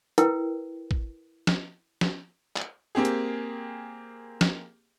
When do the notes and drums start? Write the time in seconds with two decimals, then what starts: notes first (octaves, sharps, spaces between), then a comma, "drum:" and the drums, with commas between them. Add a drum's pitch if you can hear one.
0.18 E4 A#4 B4 G5, drum: hi-hat
0.91 drum: kick
1.47 drum: snare
2.01 drum: snare
2.57 drum: clap
2.95 A#3 C4 G4 G#4
3.05 drum: hi-hat
4.41 drum: snare